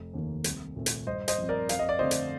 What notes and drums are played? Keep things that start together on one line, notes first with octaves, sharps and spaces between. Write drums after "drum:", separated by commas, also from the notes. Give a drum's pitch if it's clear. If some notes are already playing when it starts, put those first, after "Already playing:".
Already playing: F1
D#2 D#3 A#3
C2, drum: hi-hat
A#2 A3 C4
drum: hi-hat
G2 C5 D#5
C5 D#5, drum: hi-hat
F3 C4
A#4 D5
F2 F5, drum: hi-hat
D#5
D5
D3 A3 C4 C5 D#5
drum: hi-hat